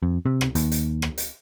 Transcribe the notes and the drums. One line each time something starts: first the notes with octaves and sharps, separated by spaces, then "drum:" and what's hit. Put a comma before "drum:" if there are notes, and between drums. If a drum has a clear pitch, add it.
F2
C3
drum: rim click
D#2, drum: hi-hat
drum: hi-hat
drum: rim click
drum: hi-hat